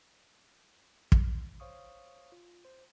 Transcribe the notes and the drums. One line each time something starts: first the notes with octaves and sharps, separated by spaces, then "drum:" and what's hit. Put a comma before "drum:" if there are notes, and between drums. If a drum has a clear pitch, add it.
drum: kick
C5 C#5 F5 C#6 D#6
F4
C5